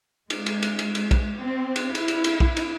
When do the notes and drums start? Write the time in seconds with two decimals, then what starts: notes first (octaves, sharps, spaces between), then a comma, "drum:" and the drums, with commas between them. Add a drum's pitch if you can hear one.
0.30 G#3, drum: cymbal
0.46 drum: cymbal
0.62 drum: cymbal
0.79 drum: cymbal
0.95 drum: cymbal
1.11 drum: kick B1, cymbal
1.38 C4
1.76 drum: cymbal
1.95 E4, drum: cymbal
2.08 drum: cymbal
2.24 drum: cymbal
2.40 drum: kick B1
2.57 drum: cymbal